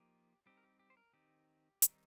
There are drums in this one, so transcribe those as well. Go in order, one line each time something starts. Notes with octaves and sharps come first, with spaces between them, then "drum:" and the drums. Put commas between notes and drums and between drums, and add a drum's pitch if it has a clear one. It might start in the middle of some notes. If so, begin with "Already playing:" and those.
Already playing: F3 A#3 D#4 G4
G3 C4 D#4 G4
A#4
G4
G4
C5
A#4
D#3 C4 D#4 G4
D#3 G3 C4 D#4, drum: hi-hat